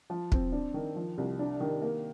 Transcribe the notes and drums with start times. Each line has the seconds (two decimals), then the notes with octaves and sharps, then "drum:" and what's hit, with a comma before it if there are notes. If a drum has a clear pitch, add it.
0.10 F3
0.32 C4, drum: kick
0.52 D4
0.74 D#3
0.96 F3
1.18 C2
1.39 D4
1.60 D#3
1.82 A#3